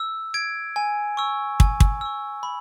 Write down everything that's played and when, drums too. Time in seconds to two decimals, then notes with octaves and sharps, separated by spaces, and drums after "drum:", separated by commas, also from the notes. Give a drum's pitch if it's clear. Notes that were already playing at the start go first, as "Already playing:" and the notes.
Already playing: E6
0.34 G#6 D7
0.76 G#5
1.17 C#6 E6
1.60 G#5, drum: kick
1.80 drum: kick
2.01 C#6 E6
2.43 B5